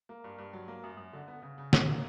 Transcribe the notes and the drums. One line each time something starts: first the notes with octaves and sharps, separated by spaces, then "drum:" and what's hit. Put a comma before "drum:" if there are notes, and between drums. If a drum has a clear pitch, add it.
A#3
G2
G2
F#3
A#3
F#2
F#2
D3
B3
C#3
C#3
E3, drum: snare
A#3